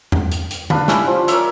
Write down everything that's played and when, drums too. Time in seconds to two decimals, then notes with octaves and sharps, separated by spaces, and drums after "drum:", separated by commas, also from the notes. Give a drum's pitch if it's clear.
0.12 drum: tom E2
0.32 drum: hi-hat
0.51 drum: hi-hat
0.70 D4 B4 F5 B5, drum: tom D3
0.88 G3 C#4 E4, drum: snare
1.07 F3
1.28 A#4 C#5 D5 E5, drum: hi-hat